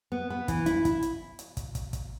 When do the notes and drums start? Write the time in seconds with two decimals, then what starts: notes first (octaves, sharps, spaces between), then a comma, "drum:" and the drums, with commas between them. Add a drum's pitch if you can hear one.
0.12 B3
0.30 B3
0.48 E3, drum: kick, hi-hat
0.66 E4, drum: hi-hat
0.85 E4, drum: kick, hi-hat
1.02 drum: hi-hat
1.39 drum: hi-hat
1.57 drum: kick, hi-hat
1.75 drum: kick, hi-hat
1.93 drum: kick, hi-hat